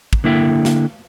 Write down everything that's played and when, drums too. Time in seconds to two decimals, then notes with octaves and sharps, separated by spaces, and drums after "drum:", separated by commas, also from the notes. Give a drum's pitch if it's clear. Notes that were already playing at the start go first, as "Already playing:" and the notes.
0.13 drum: kick
0.24 D3 A#3 E4 E5 G5
0.65 drum: snare